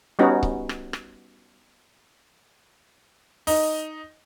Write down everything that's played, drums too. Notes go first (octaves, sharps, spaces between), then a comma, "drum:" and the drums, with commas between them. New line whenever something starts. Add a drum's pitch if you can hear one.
G3 B3 C#4 D#4 F#4
drum: kick C#1
drum: rim click
drum: rim click
D#4, drum: open hi-hat